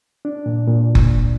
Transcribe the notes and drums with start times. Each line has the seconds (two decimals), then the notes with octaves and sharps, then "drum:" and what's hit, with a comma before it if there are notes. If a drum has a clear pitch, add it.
0.25 D4
0.46 A#2
0.67 A#2
0.95 drum: kick F#1